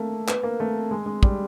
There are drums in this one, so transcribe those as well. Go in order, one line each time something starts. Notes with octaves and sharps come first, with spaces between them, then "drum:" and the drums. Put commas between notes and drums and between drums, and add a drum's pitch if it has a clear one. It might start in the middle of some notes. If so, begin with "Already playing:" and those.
Already playing: A3 A#3
B3, drum: clap
A#3
A3
G#3
G#3
G3, drum: kick